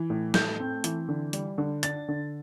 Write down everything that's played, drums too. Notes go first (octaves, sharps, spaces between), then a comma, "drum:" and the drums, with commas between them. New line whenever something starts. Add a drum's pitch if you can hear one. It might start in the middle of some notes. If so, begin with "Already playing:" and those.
Already playing: E3
A2
A3 G6, drum: snare
C4
E3, drum: hi-hat
D3
G3, drum: hi-hat
D3
D4 A6, drum: hi-hat
D3